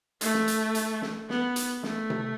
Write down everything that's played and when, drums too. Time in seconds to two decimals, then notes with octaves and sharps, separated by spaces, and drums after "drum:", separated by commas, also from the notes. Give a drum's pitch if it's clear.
0.21 A3, drum: hi-hat
0.34 drum: snare
0.48 drum: hi-hat
0.75 drum: hi-hat
1.02 drum: snare
1.29 B3, drum: snare
1.56 drum: hi-hat
1.83 A3, drum: snare
2.10 drum: tom C3